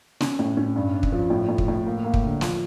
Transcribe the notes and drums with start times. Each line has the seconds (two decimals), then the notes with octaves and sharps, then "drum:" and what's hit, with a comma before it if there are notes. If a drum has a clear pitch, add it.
0.21 C#4, drum: snare
0.39 A2
0.57 C#4
0.76 G2
0.93 D4
1.03 drum: kick
1.12 F3
1.30 A2
1.48 A2
1.58 drum: kick
1.68 A2
1.86 A#3
2.05 A#3
2.14 drum: kick
2.23 D3
2.41 F3, drum: snare